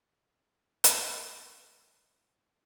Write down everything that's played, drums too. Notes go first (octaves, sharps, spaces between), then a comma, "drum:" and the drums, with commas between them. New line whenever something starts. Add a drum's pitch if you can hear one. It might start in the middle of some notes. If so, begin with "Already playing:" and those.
F3 A3 D4
D6 G#6 E7
drum: hi-hat
D3 F#3
G4 G#4 C5
A#2 G4 D6 F#6 A#6